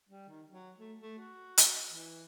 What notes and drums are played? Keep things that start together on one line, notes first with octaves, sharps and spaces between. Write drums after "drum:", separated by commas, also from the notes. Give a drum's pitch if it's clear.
G3
D#3
F#3
A3
A3
F#4
drum: hi-hat
E3